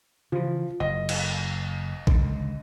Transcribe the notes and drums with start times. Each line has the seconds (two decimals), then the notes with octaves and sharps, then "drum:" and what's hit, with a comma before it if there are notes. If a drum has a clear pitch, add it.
0.32 C#3 E3 F3
0.80 F#1 D#5
1.09 drum: cymbal
2.07 C#2 D3, drum: kick